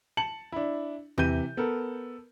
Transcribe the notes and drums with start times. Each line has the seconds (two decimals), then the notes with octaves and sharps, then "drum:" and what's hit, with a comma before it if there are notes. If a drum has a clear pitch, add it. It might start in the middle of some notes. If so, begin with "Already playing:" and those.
0.17 A5 C#7 F#7
0.52 D4 E4
1.18 C3 E3 G4 G6 D#7, drum: tom E2
1.57 B3 A4 A#4